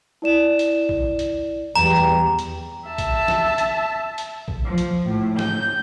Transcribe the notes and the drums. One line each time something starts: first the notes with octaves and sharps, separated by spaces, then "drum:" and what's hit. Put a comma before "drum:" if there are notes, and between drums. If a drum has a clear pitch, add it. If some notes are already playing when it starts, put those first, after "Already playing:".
E4 D5 E7
drum: hi-hat
drum: kick A#1
drum: hi-hat
E2 G3 A#5
drum: hi-hat
E5 A5
drum: kick A#1, hi-hat
drum: snare
drum: hi-hat
drum: hi-hat
drum: kick A#1
F3
drum: hi-hat
A2
G6, drum: snare